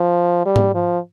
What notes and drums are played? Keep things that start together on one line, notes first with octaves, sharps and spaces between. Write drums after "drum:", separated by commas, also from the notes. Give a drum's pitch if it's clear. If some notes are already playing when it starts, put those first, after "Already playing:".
Already playing: F3
G3
drum: tom G#2
F3